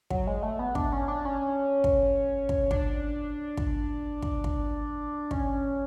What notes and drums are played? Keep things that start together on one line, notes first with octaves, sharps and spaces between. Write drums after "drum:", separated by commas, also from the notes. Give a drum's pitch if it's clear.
F#3, drum: kick
G#3
A3
B3
D4, drum: kick
C#4
D4
C#4
drum: kick
drum: kick
D4, drum: kick
drum: kick
drum: kick
drum: kick
C#4, drum: kick